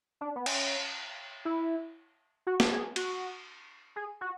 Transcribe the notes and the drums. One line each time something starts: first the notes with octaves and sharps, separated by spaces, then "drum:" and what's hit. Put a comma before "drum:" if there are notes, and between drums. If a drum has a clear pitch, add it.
D4
B3
C#4, drum: cymbal
E4
F#4
drum: snare
G#4
F#4, drum: cymbal
G#4
F#4